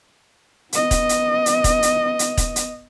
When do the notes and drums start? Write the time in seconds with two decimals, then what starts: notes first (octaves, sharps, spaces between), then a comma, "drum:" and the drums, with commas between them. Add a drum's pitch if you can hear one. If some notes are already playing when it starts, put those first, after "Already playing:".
0.73 B3 D#5, drum: hi-hat
0.91 drum: kick, hi-hat
1.09 drum: hi-hat
1.46 drum: hi-hat
1.64 drum: kick, hi-hat
1.82 drum: hi-hat
2.19 drum: hi-hat
2.37 drum: kick, hi-hat
2.56 drum: hi-hat